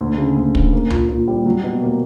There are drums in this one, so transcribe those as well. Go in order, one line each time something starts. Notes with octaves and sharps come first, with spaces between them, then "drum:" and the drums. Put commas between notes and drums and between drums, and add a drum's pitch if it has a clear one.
D2
C#3
D2
D2, drum: kick
A#3
A#2, drum: tom C#2
A#2
G3
F#3
B2
A#3